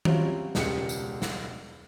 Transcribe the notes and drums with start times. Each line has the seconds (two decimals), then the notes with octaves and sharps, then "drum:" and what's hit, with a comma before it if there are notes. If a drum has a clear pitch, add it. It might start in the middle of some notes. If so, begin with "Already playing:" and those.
0.05 F#3 G3 C4 C#4 F4, drum: tom
0.55 E1 C#2 G4 C#7, drum: snare
0.89 drum: tambourine
1.22 drum: snare